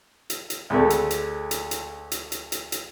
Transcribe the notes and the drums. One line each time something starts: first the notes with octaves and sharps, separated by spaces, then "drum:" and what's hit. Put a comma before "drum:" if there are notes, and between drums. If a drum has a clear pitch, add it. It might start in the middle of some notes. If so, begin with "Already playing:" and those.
drum: hi-hat
drum: hi-hat
D2 G#3 A3
drum: hi-hat
drum: hi-hat
drum: hi-hat
drum: hi-hat
drum: hi-hat
drum: hi-hat
drum: hi-hat
drum: hi-hat